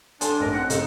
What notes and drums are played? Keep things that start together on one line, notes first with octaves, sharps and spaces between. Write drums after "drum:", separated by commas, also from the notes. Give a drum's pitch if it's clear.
D3 D4 A4 G#5 C6, drum: hi-hat
A1 D#2 A#4
C4 F#5
C#3 D#4 A4, drum: hi-hat